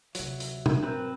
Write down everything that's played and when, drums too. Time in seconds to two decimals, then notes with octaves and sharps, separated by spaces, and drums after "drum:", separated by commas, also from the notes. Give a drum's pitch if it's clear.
0.15 D2 C3 F#3 E5, drum: hi-hat
0.40 drum: hi-hat
0.66 drum: tom B2
0.83 G#2 C4 A#4 B4